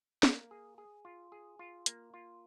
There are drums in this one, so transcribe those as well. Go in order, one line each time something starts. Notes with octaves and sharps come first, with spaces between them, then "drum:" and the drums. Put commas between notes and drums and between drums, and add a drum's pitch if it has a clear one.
A#3, drum: snare
G#4
G#4
F4
G#4
F4
A#3, drum: hi-hat
F4